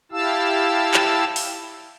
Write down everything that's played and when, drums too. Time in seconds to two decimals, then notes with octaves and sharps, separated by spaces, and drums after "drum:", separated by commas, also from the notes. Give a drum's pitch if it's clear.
0.12 E4 G4 F5 A5 E6
0.94 drum: clap
1.36 drum: open hi-hat